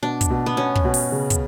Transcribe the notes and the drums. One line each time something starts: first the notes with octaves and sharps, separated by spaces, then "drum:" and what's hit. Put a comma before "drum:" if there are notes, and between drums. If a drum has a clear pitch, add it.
B2 D4
drum: kick, hi-hat
B2
B3
B2 C#4
drum: kick
B2
drum: open hi-hat
C#3
drum: kick, hi-hat